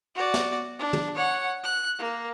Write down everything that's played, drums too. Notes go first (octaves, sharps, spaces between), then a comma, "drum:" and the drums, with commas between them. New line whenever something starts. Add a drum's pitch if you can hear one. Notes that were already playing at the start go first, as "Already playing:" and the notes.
F#4 D5
drum: snare
D4
drum: tom
C#5 F#5
F#6
A#3